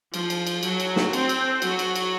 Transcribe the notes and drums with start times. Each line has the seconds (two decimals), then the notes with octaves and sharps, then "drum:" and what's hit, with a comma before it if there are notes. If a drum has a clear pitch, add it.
0.14 F3, drum: cymbal
0.30 drum: cymbal
0.47 drum: cymbal
0.63 F#3, drum: cymbal
0.80 drum: cymbal
0.96 drum: snare
1.13 C4, drum: cymbal
1.29 drum: cymbal
1.62 F#3 F#4, drum: cymbal
1.79 drum: cymbal
1.96 drum: cymbal